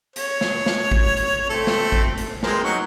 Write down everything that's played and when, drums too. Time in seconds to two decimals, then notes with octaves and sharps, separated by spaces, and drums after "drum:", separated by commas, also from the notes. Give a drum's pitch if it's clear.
0.16 C#5, drum: hi-hat
0.41 drum: snare
0.66 drum: snare
0.92 drum: kick A1
1.17 drum: hi-hat
1.50 A3 C4 A4
1.67 drum: snare
1.92 drum: kick A1
2.18 drum: hi-hat
2.43 G#3 C4 A#4, drum: snare
2.64 F#3 D#4 C#6